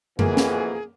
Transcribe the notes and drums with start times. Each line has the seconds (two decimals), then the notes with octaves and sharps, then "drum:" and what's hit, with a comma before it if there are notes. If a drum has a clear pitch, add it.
0.19 F2 B2 E3 A#3 G#4, drum: tom F#2
0.37 drum: snare